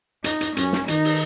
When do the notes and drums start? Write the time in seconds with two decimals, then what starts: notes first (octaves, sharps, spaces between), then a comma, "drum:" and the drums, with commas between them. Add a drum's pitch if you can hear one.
0.24 D#4, drum: hi-hat
0.41 drum: hi-hat
0.57 F#2 C#4, drum: hi-hat
0.73 drum: snare
0.88 D#3 D#4, drum: hi-hat
1.05 drum: open hi-hat